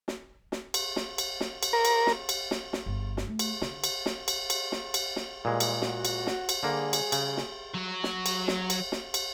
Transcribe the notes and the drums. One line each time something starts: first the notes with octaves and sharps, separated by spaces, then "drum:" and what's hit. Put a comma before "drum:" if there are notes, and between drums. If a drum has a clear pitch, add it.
drum: snare
drum: snare
drum: cymbal
drum: snare
drum: cymbal
drum: snare
drum: cymbal
A#4
drum: cymbal
drum: snare
drum: cymbal
drum: snare
drum: snare
G1
drum: snare
A3
drum: cymbal
D3, drum: snare
drum: cymbal
drum: snare
drum: cymbal
drum: cymbal
drum: snare
drum: cymbal
drum: snare
F2 A#2 E3 G3 G#3
drum: cymbal
F#4, drum: snare
drum: cymbal
drum: snare
drum: cymbal
D3 G3 A#3 G#4
drum: cymbal
C#3, drum: cymbal
drum: snare
F#3 F#4
drum: snare
drum: cymbal
drum: snare
drum: cymbal
drum: snare
drum: cymbal